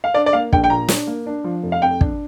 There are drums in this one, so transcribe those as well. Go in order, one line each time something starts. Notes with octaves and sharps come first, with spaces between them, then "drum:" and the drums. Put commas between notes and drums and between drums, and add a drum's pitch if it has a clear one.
F5
D4 D5
D5
A#3 F5
A#1 G5, drum: kick
G5
A#2 A#5
D4, drum: snare
A#3
D4
F3
F1
F5
F2 G5
D4, drum: kick